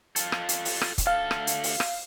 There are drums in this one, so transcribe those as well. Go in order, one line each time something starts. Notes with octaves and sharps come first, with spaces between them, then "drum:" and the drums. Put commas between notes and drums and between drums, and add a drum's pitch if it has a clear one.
F4 A4, drum: hi-hat
drum: rim click
drum: hi-hat
drum: open hi-hat
drum: rim click
drum: kick, hi-hat
D2 A4 F5
drum: rim click
drum: hi-hat
drum: open hi-hat
drum: rim click